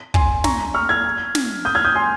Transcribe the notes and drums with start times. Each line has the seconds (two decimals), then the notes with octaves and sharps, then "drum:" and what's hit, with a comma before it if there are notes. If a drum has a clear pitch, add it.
0.14 G#5 C6, drum: kick
0.44 A#5 C#6, drum: snare
0.74 C#6 F6
0.89 F6 G#6
1.35 drum: snare
1.65 D#6 G6
1.75 F6 G#6
1.85 D#6 G6
1.95 G#5 C6